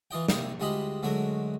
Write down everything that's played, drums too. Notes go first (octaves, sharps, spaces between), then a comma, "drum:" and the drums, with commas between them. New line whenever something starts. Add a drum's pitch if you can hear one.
E3 F4 D#5 G5
C3 A#3 F5 D#6, drum: snare
D2 G3 G#3 F4 D#5 B5
D2 F#3 G#3 A3 A#4